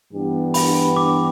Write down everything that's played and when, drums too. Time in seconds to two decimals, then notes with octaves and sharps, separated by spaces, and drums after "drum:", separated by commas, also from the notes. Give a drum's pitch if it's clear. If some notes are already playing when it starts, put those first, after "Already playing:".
0.12 G2 E3 B3 D4 G4
0.54 B5, drum: open hi-hat
0.97 D6